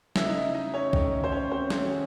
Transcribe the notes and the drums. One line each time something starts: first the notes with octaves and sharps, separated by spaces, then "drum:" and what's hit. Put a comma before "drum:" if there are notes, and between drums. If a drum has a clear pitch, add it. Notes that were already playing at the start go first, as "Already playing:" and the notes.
C#3 F#3 A3 E4 E5, drum: snare
D#4 D#5
E4 E5
D#4 D#5
C#4 C#5
D#3 A3 D#4, drum: kick
C5
C#4 C#5
C4 C5
D#3 A3 C#4 C#5, drum: snare
F#4
G#4